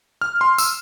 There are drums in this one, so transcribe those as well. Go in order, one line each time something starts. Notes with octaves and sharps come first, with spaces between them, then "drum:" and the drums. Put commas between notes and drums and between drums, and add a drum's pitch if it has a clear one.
F6
C6
E6, drum: tambourine